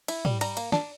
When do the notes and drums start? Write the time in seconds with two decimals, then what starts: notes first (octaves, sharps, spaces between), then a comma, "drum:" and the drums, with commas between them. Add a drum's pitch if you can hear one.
0.08 E4, drum: cymbal
0.25 G3, drum: tom
0.41 G3 A#5, drum: cymbal
0.57 A#3, drum: cymbal
0.72 D4, drum: snare